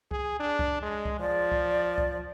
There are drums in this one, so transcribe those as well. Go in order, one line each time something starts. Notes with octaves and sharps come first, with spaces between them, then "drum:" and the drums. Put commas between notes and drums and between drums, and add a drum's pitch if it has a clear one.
G#4, drum: kick C2
D4
drum: kick C2
G#3
drum: kick C2
F3 D5
drum: kick C2
drum: kick C2